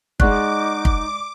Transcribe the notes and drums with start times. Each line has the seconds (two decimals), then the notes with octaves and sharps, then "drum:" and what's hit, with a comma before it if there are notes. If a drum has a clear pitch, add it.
0.20 G#3 D#4 D5 F#5 C#6 D6 F#6, drum: kick
0.85 drum: kick